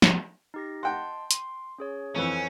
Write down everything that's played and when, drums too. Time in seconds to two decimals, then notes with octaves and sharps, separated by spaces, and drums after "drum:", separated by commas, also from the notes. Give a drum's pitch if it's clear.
0.02 drum: snare
0.54 D#4 G4 A#6
0.83 D#5 F#5 G5 A5 C6
1.31 C6, drum: hi-hat
1.78 C#4 G#4 C#5
2.16 F2 E3 C#4 A4 C5